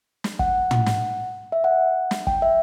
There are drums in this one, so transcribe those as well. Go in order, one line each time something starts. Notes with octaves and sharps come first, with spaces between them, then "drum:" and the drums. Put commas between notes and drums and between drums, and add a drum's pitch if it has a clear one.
drum: snare
F#5, drum: kick
drum: tom
drum: snare
E5
F#5
drum: snare
G5, drum: kick
E5